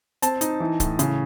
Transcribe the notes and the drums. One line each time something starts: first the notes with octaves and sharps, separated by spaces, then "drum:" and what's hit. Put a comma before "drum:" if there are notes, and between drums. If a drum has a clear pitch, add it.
C4 A5, drum: hi-hat
D#4, drum: hi-hat
E3
A2, drum: kick C#1, hi-hat
C#3, drum: hi-hat